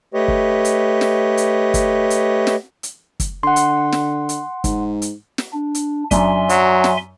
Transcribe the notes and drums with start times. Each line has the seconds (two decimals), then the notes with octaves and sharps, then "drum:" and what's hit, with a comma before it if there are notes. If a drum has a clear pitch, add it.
0.14 A3 G4 B4 C#5 D#5
0.28 drum: kick
0.65 drum: hi-hat
1.01 drum: snare
1.37 drum: hi-hat
1.74 drum: kick, hi-hat
2.10 drum: hi-hat
2.47 drum: snare
2.83 drum: hi-hat
3.20 drum: kick, hi-hat
3.43 D3 F#5 C6
3.56 drum: hi-hat
3.92 drum: snare
4.29 drum: hi-hat
4.64 G#2, drum: kick, hi-hat
5.02 drum: hi-hat
5.38 drum: snare
5.53 D4
5.75 drum: hi-hat
6.11 F#2 D4 E5 G#5 C6, drum: kick, hi-hat
6.49 F#3, drum: hi-hat
6.84 drum: snare